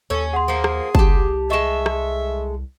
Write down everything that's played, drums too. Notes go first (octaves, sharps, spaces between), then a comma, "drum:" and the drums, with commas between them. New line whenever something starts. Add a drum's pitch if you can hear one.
D#2 C#4 A4
G#4 F#5 C6
F3 A#3
drum: rim click
C2 G4 A5, drum: kick
G#3 A4 D#5 E5 C#6 E7
drum: rim click